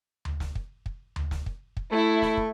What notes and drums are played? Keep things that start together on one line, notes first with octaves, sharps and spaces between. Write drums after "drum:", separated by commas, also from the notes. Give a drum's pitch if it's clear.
drum: tom D2
drum: snare
drum: kick
drum: kick
drum: tom D2
drum: snare
drum: kick
drum: kick
A3 E4
drum: snare
drum: kick